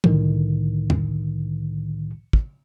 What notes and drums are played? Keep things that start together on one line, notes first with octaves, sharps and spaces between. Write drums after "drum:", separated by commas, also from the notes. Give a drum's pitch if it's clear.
C2 A2 D3 D#3, drum: tom
drum: tom
drum: kick